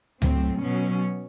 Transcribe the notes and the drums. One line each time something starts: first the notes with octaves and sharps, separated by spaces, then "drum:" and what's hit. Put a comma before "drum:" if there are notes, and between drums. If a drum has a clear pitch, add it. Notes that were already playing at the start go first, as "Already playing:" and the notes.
A2 F#3 C4, drum: tom C#2
B2 F#3 C#4